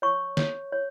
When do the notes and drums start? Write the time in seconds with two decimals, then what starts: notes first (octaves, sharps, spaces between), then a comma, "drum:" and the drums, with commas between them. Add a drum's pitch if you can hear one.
0.02 C#5 C#6
0.37 C#5, drum: snare
0.72 C#5